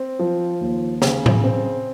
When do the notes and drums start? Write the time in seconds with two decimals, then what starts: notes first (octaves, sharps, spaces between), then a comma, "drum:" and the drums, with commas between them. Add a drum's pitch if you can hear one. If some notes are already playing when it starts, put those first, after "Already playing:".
Already playing: C4
0.19 F3
0.61 D#2
1.02 C#3, drum: snare
1.26 drum: tom A2
1.44 C4